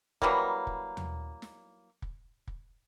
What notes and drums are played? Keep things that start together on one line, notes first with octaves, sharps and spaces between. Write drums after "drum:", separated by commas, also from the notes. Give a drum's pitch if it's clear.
E3 F#3 G3 A#3, drum: kick
drum: kick
drum: tom
drum: snare
drum: kick
drum: kick